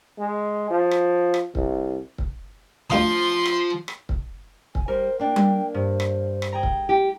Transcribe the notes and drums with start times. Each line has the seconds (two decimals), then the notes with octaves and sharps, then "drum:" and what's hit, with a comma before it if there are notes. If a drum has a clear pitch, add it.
0.19 G#3
0.70 F3
0.91 drum: rim click
1.34 drum: rim click
1.55 C2, drum: kick C#1
2.18 drum: kick C#1
2.90 D2 F3 F5 C6 D#6
3.46 drum: rim click
3.88 drum: rim click
4.09 drum: kick C#1
4.75 G#5, drum: kick C#1
4.88 G3 A#4 C5
5.19 A#3 D4 G5
5.36 drum: tom G3
5.74 G2 C5
6.00 drum: rim click
6.42 drum: rim click
6.52 G#4 G5 A#5
6.63 drum: kick C#1
6.89 G4